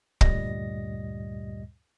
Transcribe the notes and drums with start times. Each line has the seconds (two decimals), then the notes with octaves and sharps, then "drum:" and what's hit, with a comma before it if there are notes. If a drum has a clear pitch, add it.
0.21 D2 G2 A#2 G3 D#5 A#6, drum: kick